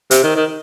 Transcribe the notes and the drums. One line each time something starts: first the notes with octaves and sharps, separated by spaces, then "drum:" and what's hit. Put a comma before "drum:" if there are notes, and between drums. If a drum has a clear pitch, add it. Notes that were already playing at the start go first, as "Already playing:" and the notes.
C3, drum: hi-hat
D#3
D#3